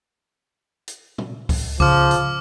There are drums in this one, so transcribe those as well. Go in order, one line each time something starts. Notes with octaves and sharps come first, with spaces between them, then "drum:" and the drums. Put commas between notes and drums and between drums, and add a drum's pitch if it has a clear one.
drum: hi-hat
drum: tom A#2
drum: kick C#2, open hi-hat
C#3 F3 D6 F6, drum: kick C#2
drum: hi-hat